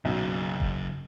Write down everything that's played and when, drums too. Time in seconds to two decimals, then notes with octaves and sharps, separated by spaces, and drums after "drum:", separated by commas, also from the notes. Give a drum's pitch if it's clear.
0.05 B1 F#2 C#3
0.60 drum: kick F#1